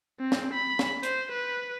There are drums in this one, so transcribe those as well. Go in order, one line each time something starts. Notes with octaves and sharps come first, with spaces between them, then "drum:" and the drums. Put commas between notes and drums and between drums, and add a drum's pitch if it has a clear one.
C4
drum: snare
B5
drum: snare
C5, drum: hi-hat
B4